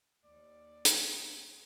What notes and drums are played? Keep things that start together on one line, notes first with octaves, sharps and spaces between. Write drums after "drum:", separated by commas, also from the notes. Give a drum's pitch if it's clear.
D#2 D5
drum: hi-hat